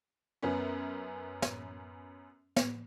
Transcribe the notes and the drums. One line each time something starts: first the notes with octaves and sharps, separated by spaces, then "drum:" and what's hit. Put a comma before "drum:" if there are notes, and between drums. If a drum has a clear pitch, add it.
F#2 B3 C#4
drum: snare
drum: snare